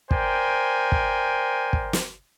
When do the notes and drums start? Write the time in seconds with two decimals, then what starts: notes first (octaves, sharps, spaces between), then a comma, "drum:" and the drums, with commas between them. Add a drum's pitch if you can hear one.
0.11 A#4 C5 D5 G5 G#5, drum: kick
0.92 drum: kick
1.73 drum: kick
1.93 drum: snare